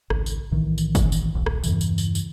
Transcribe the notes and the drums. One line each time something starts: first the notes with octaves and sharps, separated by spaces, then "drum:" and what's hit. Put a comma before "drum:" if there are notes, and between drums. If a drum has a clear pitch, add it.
G#1 C#2, drum: rim click
drum: tambourine
B1 A2 D#3 E3
drum: tambourine
drum: kick, tambourine
drum: tambourine
D1 A#1
drum: rim click
E2 G2 C#3 E3, drum: tambourine
drum: tambourine
drum: tambourine
drum: tambourine